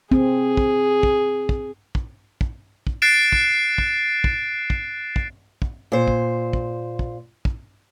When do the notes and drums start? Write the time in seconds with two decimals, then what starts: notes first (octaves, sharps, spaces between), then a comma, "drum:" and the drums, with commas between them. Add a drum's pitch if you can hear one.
0.12 C4 G#4, drum: kick
0.57 drum: kick
1.03 drum: kick
1.49 drum: kick
1.95 drum: kick
2.41 drum: kick
2.87 drum: kick
3.02 F#6 A6 C7 D7 E7
3.32 drum: kick
3.78 drum: kick
4.24 drum: kick
4.70 drum: kick
5.16 drum: kick
5.62 drum: kick
5.92 A#2 C5
6.08 drum: kick
6.53 drum: kick
6.99 drum: kick
7.45 drum: kick